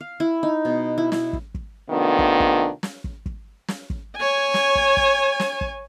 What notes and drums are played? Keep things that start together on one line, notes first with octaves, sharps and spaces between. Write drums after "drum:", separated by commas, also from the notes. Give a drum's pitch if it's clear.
F5
E4
D#4
B2
E4
E4, drum: snare
drum: kick
drum: kick
C3 D#3 A3 B3 D4 F4
drum: kick
drum: kick
drum: snare
drum: kick
drum: kick
drum: snare
drum: kick
C#5 G#5
drum: snare
drum: kick
drum: kick
drum: snare
drum: kick